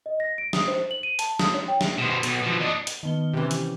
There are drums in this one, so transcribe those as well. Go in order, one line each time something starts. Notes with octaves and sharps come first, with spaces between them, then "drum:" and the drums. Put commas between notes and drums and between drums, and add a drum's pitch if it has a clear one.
D#5
A#6
D7
D#6, drum: snare
C5
F#7
D#7
A5, drum: hi-hat
D#6, drum: snare
C#5
G5
drum: snare
B2 C5
B1 B2, drum: hi-hat
B2 F3
D4 D#5
drum: hi-hat
D#3 B3 G7
C3 E3 C#4 G4
drum: hi-hat